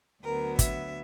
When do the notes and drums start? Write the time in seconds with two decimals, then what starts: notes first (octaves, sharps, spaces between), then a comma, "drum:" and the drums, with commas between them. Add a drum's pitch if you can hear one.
0.23 D2 D3 F#3 B3 A#4
0.59 E5, drum: kick, hi-hat